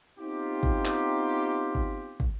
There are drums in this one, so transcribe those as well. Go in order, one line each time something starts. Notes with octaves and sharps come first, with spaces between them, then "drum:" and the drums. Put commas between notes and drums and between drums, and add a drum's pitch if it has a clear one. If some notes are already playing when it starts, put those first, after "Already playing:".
B3 C4 D#4 F4 G4
drum: kick
drum: clap
drum: kick
drum: kick